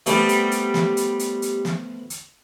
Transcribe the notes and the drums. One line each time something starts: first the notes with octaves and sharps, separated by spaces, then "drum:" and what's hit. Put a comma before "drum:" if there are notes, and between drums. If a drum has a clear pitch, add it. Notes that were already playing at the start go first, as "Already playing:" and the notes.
G3 A3 B3 C4 G4, drum: hi-hat
drum: hi-hat
drum: hi-hat
drum: snare
drum: hi-hat
drum: hi-hat
drum: hi-hat
drum: snare
drum: hi-hat